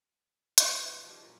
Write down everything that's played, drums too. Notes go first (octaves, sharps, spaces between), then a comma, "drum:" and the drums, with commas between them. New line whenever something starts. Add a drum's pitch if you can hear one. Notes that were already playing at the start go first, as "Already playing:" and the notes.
G#2 B2 F3 A3 B3 F#5, drum: hi-hat
E3 F3 G#3 D4 F#4 G4
F#2 A#2 D3 F#3 G3 F4